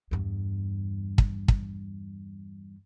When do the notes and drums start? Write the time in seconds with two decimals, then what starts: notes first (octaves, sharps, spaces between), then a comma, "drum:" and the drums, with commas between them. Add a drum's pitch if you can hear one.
0.11 E2 G2
1.18 drum: kick
1.48 drum: kick